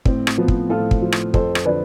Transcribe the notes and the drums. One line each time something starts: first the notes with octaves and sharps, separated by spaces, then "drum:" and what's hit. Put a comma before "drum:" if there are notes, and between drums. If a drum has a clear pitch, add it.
A2 C4, drum: kick
drum: rim click
F3 B3
drum: kick
A2 F4 A4
drum: kick
F3
drum: rim click
F2 A4 C5, drum: kick
drum: rim click
D3 F3 B4 D5